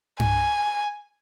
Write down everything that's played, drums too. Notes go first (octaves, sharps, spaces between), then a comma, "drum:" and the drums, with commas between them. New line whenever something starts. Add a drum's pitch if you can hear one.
G#5, drum: tom G2